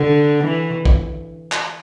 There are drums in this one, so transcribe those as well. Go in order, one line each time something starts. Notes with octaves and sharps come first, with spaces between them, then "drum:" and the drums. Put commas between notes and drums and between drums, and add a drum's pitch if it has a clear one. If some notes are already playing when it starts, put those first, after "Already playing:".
Already playing: D3
E3
drum: kick
drum: clap